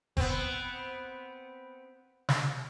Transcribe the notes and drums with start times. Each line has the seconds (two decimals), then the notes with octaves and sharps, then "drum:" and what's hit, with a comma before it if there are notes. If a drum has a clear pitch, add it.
0.17 B3 C4, drum: kick F#1
2.29 drum: snare